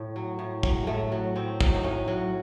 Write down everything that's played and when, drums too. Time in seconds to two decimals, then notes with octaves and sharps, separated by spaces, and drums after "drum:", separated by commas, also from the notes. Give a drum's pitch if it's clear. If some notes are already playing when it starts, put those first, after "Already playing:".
Already playing: A2
0.16 F#3
0.39 A2
0.63 F#3, drum: kick
0.83 A2 G#3 A3
1.12 F#3
1.36 A2 C4
1.61 F#3, drum: kick
1.75 D#4
1.83 A2 C#4
2.08 F#3